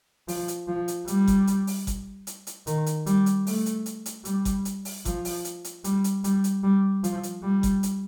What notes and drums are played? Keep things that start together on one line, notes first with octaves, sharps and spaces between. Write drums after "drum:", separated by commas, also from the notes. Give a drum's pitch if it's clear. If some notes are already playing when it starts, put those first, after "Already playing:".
F3, drum: open hi-hat
drum: hi-hat
F3
drum: hi-hat
G3, drum: hi-hat
drum: kick F#1, hi-hat
drum: hi-hat
drum: open hi-hat
drum: kick F#1, hi-hat
drum: hi-hat
drum: hi-hat
D#3, drum: hi-hat
drum: hi-hat
G3, drum: hi-hat
drum: hi-hat
A3, drum: open hi-hat
drum: hi-hat
drum: hi-hat
drum: hi-hat
G3, drum: hi-hat
drum: kick F#1, hi-hat
drum: hi-hat
drum: open hi-hat
F3, drum: kick F#1, hi-hat
drum: open hi-hat
drum: hi-hat
drum: hi-hat
G3, drum: hi-hat
drum: hi-hat
G3, drum: hi-hat
drum: hi-hat
G3
F3, drum: hi-hat
drum: hi-hat
G3
drum: kick F#1, hi-hat
drum: hi-hat